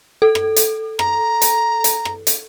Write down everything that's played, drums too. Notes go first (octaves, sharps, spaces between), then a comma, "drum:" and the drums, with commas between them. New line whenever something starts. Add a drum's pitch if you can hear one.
A4
drum: rim click
drum: hi-hat
A#5, drum: rim click
drum: hi-hat
drum: hi-hat
drum: rim click
drum: hi-hat